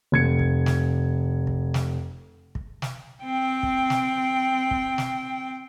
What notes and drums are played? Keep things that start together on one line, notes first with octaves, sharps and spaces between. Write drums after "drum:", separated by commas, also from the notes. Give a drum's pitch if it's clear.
F1 G#6 C#7
drum: kick
drum: snare
drum: kick
drum: snare
drum: kick
drum: snare
C4 G5
drum: kick
drum: snare
drum: kick
drum: snare